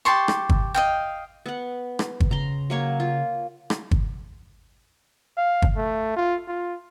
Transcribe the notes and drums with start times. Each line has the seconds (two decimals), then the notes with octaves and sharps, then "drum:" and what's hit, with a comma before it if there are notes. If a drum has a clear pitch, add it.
0.05 G4 A5 C6 C#6
0.28 drum: rim click
0.49 drum: kick
0.74 D#5 F5 G5
1.46 B3 F#5
1.99 drum: rim click
2.20 drum: kick
2.31 C#3 A#5 C6
2.70 F#3 A#3 C#5
3.00 F4
3.70 drum: rim click
3.91 drum: kick
5.37 F5
5.62 drum: kick
5.76 A3
6.16 F4
6.48 F4